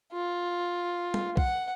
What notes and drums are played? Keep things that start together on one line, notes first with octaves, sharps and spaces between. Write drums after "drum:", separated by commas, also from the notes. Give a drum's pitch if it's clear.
F4
drum: tom G3
F#5, drum: kick